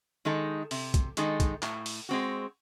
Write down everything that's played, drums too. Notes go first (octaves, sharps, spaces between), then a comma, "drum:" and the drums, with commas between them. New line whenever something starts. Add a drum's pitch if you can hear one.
D#3 G#3 D#4 A4
C3, drum: open hi-hat
drum: kick, hi-hat
D#3 G#3 D#4 A4, drum: hi-hat
drum: kick, hi-hat
A2, drum: clap
drum: open hi-hat
G#3 C4 F#4